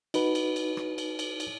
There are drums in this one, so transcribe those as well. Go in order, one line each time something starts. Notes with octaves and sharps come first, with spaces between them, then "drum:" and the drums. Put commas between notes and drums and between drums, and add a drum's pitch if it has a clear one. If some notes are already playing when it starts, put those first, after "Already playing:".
D#4 F#4 B4, drum: cymbal
drum: cymbal
drum: cymbal
drum: rim click
drum: cymbal
drum: cymbal
drum: cymbal